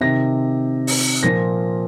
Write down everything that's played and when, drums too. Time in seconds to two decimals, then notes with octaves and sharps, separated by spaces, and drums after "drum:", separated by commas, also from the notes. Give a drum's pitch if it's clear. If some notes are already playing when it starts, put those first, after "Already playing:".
0.01 C3 D#3 A#6
0.87 drum: open hi-hat
1.23 A#2 F3 A#6